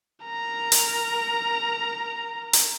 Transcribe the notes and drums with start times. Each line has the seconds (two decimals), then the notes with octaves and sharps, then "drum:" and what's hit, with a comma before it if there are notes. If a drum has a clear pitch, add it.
0.24 A#4 A#5
0.72 drum: hi-hat
2.53 drum: hi-hat